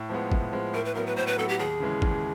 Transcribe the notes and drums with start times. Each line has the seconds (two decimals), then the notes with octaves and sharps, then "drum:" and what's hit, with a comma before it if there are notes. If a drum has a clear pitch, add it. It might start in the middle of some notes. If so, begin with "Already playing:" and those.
Already playing: A2
0.09 F3 G#3 B3
0.32 A2, drum: kick
0.52 F3 G#3 B3
0.73 A2 A#4
0.85 B4
0.95 F#3 B3 A#4
1.07 B4
1.16 A2 C5
1.27 B4
1.38 F#3 B3 A4
1.49 G4
1.59 D#2 G#4
1.80 C#3 E3 G#3
2.02 D#2, drum: kick